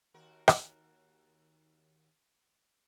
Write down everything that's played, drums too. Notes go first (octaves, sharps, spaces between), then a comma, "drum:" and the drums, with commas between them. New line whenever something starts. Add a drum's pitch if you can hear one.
D#2 F#4 A#4
drum: rim click